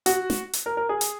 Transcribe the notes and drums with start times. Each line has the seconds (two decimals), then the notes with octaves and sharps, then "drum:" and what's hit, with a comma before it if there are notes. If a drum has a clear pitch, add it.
0.06 F#4, drum: hi-hat
0.30 drum: snare
0.53 drum: hi-hat
0.66 A#4
0.77 A#4
0.89 G#4
1.01 drum: hi-hat